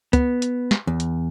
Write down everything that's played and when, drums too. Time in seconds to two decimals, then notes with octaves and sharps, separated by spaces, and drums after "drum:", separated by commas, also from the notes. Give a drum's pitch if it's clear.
0.13 B3, drum: kick C#2, hi-hat
0.42 drum: hi-hat
0.71 drum: snare
0.87 E2
1.00 drum: hi-hat